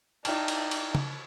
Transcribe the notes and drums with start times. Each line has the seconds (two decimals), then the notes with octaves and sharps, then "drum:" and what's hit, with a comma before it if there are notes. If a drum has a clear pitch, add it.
0.25 D#4 E4 D5 G5 A5 F6, drum: cymbal
0.48 drum: cymbal
0.71 drum: cymbal
0.95 drum: tom